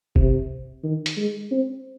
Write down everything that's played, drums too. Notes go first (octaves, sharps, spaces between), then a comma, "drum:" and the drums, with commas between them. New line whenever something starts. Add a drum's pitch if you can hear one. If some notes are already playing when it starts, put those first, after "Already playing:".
C3, drum: kick
D#3
drum: hi-hat
G#3
C4